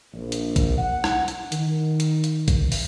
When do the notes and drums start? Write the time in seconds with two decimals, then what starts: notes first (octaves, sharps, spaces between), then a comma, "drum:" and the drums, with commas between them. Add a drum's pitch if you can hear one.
0.13 A#1
0.32 drum: hi-hat
0.56 drum: kick A#1, hi-hat
0.78 F#5
1.04 drum: rim click
1.28 drum: hi-hat
1.52 D#3, drum: hi-hat
2.00 drum: hi-hat
2.24 drum: hi-hat
2.48 drum: kick A#1, hi-hat
2.72 drum: open hi-hat